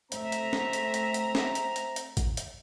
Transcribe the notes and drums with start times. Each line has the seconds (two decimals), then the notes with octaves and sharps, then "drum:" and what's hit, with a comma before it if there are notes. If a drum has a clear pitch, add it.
0.12 A3 C4 E5 A#5, drum: hi-hat
0.32 drum: hi-hat
0.53 drum: snare
0.73 drum: hi-hat
0.94 drum: hi-hat
1.14 drum: hi-hat
1.35 drum: snare
1.55 drum: hi-hat
1.76 drum: hi-hat
1.96 drum: hi-hat
2.17 drum: kick G#1, hi-hat
2.37 drum: hi-hat